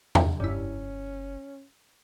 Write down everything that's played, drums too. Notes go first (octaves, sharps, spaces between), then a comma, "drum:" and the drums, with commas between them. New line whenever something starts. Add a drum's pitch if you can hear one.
G2, drum: tom E2
F#1 G2 C#4 E4